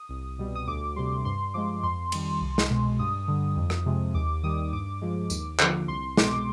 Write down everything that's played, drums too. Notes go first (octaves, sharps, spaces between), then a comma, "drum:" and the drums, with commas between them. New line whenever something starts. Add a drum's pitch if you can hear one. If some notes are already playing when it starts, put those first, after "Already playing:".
Already playing: D#6
C2
B2 G3
D#6
D2 D6
C3 G3 C6
G2 C6
F3 G#3 D6
F2 C6
D#3 G3, drum: cymbal
C2
drum: snare
B2 G#3
G2 D#6
D3 G3
F2
drum: rim click
C3 F3 G#3
D#2 D6
D#3 G3 D#6
G2 D6
F3 G#3
D#2, drum: tambourine
D3 F3, drum: clap
C2 C6
B2 G#3 D6, drum: snare